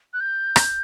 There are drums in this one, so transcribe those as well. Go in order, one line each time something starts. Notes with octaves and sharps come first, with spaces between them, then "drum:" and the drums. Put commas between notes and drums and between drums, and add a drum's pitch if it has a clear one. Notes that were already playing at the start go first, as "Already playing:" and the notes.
F#6
G6
drum: rim click